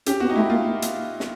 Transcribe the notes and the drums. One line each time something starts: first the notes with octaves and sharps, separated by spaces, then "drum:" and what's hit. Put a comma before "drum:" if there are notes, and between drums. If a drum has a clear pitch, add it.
C#4 G4, drum: hi-hat
B3 F#4
D#4
A3 E4
A#3 F4
drum: hi-hat
drum: snare